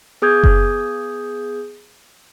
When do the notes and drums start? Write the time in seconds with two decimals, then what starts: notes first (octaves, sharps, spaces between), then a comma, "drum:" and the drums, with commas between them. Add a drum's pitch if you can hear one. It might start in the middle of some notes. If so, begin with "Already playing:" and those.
0.22 B3 G#4 D#6 G6 G#6
0.44 drum: kick F#1